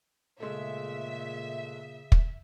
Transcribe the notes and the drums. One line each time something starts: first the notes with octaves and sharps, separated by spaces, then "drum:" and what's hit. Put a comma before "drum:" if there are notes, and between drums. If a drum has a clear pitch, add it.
A#2 C#3 G#3 A3 E5
drum: kick